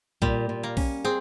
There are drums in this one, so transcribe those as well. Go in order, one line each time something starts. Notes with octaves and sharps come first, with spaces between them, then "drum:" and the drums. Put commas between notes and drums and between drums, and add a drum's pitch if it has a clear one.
A#2 G3, drum: kick B1
A#2
A#3
C#4, drum: kick B1, open hi-hat
C4 G#4